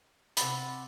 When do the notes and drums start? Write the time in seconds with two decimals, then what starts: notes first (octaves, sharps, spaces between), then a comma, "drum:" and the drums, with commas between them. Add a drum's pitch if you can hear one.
0.37 C3 F#5 A5 B5, drum: hi-hat